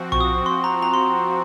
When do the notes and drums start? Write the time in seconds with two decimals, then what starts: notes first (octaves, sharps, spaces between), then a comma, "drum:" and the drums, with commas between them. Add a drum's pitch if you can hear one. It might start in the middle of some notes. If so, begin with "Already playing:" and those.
Already playing: F3 C4 F#4
0.12 C#6, drum: tom B1
0.21 D#6
0.46 C6
0.64 A#5
0.82 A#5
0.94 C6